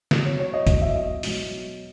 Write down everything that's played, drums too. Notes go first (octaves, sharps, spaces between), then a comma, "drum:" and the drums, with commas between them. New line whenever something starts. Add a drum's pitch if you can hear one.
B2 F#3, drum: snare
C#5
C#5
D#5
B2 F#3 D#5, drum: kick F#1, hi-hat
E5
D#5
B2 F#3, drum: open hi-hat